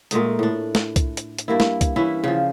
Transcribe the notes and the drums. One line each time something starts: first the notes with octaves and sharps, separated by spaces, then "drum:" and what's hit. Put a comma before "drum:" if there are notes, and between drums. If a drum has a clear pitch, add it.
A#2 G#3 A3 D#4, drum: hi-hat
A2 D4
drum: snare
drum: kick C2, hi-hat
drum: hi-hat
drum: hi-hat
G2 A#3 E4
drum: snare
drum: kick C2, hi-hat
E3 C#4 E4
C#3 F3